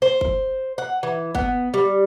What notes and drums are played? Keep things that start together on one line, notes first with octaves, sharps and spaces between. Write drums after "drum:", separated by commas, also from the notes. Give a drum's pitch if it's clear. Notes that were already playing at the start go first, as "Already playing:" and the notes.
C5
drum: kick G1
F#5
E3
B3, drum: kick G1
G3